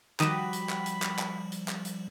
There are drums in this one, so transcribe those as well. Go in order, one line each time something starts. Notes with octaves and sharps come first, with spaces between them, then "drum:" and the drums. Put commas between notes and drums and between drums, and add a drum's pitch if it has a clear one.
D#3 F3 G3 F#4 G4 B5 D#6 E7, drum: clap
drum: hi-hat
drum: clap
drum: hi-hat
drum: clap
drum: clap
drum: hi-hat
drum: clap
drum: hi-hat